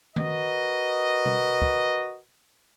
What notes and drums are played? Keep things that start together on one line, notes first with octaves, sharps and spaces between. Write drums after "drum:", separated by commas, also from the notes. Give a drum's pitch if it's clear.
F#4 A#4 B4 D#5, drum: tom D#3
drum: tom B2
drum: kick